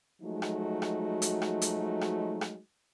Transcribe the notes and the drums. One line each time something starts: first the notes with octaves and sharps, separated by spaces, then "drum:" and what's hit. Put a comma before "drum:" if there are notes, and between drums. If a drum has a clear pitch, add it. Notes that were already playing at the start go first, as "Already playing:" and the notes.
F3 F#3 G#3 A3 D#4 F#4
drum: rim click
drum: rim click
drum: hi-hat
drum: rim click
drum: hi-hat
drum: rim click
drum: rim click